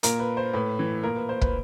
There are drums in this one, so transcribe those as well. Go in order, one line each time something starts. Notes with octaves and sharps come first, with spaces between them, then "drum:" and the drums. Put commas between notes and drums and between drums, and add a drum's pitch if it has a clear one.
A#2 A#4, drum: hi-hat
B4
C5
A2 B4
E3
A#2 A#4
B4
C5
B4, drum: kick